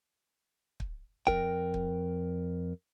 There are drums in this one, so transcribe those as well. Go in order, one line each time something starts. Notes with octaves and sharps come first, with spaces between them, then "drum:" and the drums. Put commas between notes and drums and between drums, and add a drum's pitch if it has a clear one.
drum: kick
F2 G#2 A#4 G5, drum: kick
drum: kick